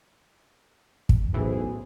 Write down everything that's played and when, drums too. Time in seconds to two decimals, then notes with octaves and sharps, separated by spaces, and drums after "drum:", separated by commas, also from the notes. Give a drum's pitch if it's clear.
1.09 drum: kick
1.34 B1 A2 C#3 E3 E4 G#4 C5